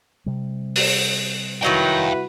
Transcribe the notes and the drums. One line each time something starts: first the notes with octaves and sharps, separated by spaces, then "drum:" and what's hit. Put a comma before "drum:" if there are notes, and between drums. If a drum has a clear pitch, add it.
C3 G3
drum: open hi-hat
D#3 F#3 D#4 E4 F#4 B4 F5 G5